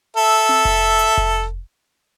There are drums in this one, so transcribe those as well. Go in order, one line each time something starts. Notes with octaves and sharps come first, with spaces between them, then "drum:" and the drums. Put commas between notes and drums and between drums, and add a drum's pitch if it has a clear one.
A4 E5
drum: tom C4
drum: kick F1
drum: hi-hat
drum: kick F1